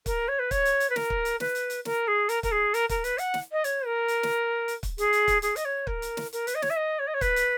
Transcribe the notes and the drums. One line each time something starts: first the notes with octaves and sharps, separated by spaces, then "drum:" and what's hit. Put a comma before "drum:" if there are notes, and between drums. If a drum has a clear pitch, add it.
A#4, drum: kick, hi-hat
C#5
B4
C#5, drum: kick, hi-hat
drum: hi-hat
drum: hi-hat
B4
A#4, drum: snare
drum: kick
drum: hi-hat
B4, drum: snare
drum: hi-hat
drum: hi-hat
A#4, drum: snare
G#4
A#4, drum: hi-hat
A#4, drum: kick, hi-hat
G#4
A#4, drum: hi-hat
A#4, drum: kick, hi-hat
B4, drum: hi-hat
F#5, drum: hi-hat
drum: snare
D#5
C#5, drum: hi-hat
A#4
drum: hi-hat
drum: snare
drum: hi-hat
drum: kick, hi-hat
G#4, drum: hi-hat
drum: hi-hat
drum: kick, hi-hat
G#4, drum: hi-hat
D#5, drum: hi-hat
C#5
A#4, drum: kick
drum: hi-hat
drum: snare
A#4, drum: hi-hat
B4, drum: hi-hat
D#5
C#5, drum: snare
E5
D#5
C#5
D#5
C#5
B4, drum: kick, hi-hat
drum: hi-hat